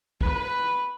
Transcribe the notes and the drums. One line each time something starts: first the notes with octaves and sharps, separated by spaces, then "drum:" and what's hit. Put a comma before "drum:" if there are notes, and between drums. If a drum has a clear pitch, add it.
B4, drum: kick